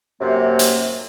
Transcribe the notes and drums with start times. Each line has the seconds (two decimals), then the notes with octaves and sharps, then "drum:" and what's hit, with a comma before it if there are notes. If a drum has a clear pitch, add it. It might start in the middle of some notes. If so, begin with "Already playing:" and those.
0.21 F#2 C3 A#3
0.59 drum: hi-hat